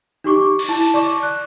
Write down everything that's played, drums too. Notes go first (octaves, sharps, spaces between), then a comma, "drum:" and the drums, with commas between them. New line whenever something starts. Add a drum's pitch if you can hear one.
D#4 G4 C#6 D6
drum: cymbal
E4 A5
D5 C#6 D6
F#6